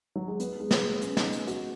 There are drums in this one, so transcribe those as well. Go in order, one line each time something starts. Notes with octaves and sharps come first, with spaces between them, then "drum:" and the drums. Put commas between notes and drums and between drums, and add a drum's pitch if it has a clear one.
F#3
G#3
B3, drum: hi-hat
G#3
drum: snare
B3
C#4, drum: hi-hat
D#4, drum: snare
drum: hi-hat
F#4, drum: hi-hat